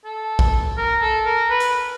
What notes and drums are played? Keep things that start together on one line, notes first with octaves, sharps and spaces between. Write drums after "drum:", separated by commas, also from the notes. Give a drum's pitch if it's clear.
A4
drum: kick A#1
A#4
A4
A#4
B4
drum: hi-hat